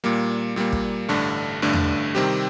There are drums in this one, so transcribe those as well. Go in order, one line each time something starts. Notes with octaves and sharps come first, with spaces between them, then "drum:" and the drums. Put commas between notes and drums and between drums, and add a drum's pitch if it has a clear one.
A#2 G3 A#3
A#2 G3 A#3
drum: kick
A1 G2 D3 A3 D4
A1 G2 D3 A3 D4
drum: tom E2
C3 D#3 G3 C4 G4